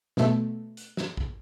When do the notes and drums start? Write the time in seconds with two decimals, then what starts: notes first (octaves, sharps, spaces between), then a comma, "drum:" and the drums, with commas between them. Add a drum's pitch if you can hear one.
0.17 B2 A3, drum: snare
0.77 drum: hi-hat
0.97 drum: snare
1.17 drum: kick